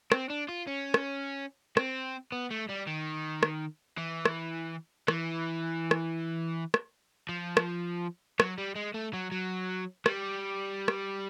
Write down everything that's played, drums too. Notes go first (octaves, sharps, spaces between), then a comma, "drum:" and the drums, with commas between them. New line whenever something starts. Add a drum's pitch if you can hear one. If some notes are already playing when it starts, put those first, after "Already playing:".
C4, drum: rim click
D4
F4
C#4
drum: rim click
C4, drum: rim click
B3
A3
G3
D#3
drum: rim click
E3
drum: rim click
E3, drum: rim click
drum: rim click
drum: rim click
F3
drum: rim click
F#3, drum: rim click
G3
G#3
A3
F#3
F#3
G3, drum: rim click
drum: rim click